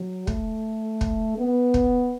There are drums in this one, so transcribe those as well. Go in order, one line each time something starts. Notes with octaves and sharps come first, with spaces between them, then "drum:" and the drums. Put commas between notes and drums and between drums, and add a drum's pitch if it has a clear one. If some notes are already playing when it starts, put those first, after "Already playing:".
Already playing: F#3
A3, drum: kick
drum: kick
B3
drum: kick